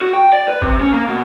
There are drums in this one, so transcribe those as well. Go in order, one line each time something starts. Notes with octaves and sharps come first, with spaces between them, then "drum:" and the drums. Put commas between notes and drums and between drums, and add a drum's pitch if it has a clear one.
F#4
G5
D5
B4
C3, drum: kick
C#4
A#3
B2